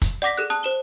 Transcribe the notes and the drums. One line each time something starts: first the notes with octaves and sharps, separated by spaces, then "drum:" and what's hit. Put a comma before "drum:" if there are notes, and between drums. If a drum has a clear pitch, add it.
drum: kick, hi-hat
D5 F#5 D6 A#6 B6
G#4 A4 F#6
A5 D#6 F#6
C5 E7 G7